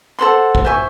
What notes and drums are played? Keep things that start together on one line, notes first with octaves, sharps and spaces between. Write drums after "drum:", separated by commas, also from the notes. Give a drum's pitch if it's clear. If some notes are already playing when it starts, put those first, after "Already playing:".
A4 C5 F#5 C6
drum: kick G#1
C5 E5 G#5 C#6